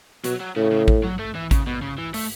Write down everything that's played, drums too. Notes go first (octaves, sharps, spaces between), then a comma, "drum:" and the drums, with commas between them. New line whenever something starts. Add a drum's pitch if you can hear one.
B2 F#3, drum: hi-hat
F#3
A2 C#3
C#3
drum: kick A1
F#3
A3
E3
C#3, drum: kick A1, hi-hat
B2
C#3
E3
A3, drum: open hi-hat